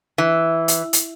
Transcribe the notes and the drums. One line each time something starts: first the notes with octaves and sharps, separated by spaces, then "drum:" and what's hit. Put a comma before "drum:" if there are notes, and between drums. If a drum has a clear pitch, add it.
E3
drum: hi-hat
drum: hi-hat